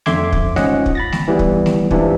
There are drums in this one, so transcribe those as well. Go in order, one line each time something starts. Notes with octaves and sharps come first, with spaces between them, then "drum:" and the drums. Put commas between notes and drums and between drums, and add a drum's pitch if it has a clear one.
F2 D3 E5 C6 D6 G#6, drum: snare A3
drum: kick
G#2 C#4 F4 D#5 F#5, drum: snare A3
drum: kick
B5 A6 A#6
drum: snare A3
E3 G3 B3
drum: kick
drum: snare A3
G#2 C3 E3 D4 F4, drum: kick